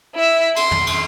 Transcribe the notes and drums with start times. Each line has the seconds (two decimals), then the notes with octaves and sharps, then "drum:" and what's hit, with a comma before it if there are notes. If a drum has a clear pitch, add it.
0.15 E4 E5
0.56 C6, drum: cymbal
0.71 drum: tom
0.87 drum: cymbal